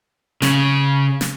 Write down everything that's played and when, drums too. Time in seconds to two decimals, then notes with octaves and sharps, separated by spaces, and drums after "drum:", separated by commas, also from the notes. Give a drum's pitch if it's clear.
0.42 C#3, drum: snare
1.21 drum: snare